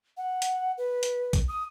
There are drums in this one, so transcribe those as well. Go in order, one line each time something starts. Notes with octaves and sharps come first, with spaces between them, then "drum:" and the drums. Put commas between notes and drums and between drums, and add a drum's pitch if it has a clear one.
F#5
drum: hi-hat
B4
drum: hi-hat
drum: kick B1, hi-hat
D#6